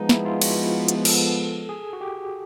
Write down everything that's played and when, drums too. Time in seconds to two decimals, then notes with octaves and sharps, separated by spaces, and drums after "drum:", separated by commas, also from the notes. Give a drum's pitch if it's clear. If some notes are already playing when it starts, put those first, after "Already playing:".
Already playing: F3 G#3 B3 D#4
0.09 E4, drum: snare
0.25 F4
0.42 F#4, drum: cymbal
0.88 drum: hi-hat
1.05 A4, drum: cymbal
1.69 G#4
1.93 F#4
2.01 G4